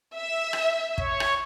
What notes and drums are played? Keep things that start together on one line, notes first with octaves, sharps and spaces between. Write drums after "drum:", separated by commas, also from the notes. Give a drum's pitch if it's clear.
E5
drum: rim click
C#5, drum: kick
drum: rim click